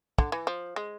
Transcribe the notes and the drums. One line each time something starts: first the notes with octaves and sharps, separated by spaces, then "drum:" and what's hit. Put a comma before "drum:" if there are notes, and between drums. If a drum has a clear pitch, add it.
D3, drum: kick
E3
F3
G#3